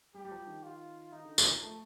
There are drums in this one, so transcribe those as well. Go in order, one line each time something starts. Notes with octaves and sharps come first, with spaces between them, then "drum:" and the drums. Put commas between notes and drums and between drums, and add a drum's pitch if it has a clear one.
G3 G4
G3
F3
D#3
F4
D#3 D#4
D3
A#2, drum: tambourine
F3
A3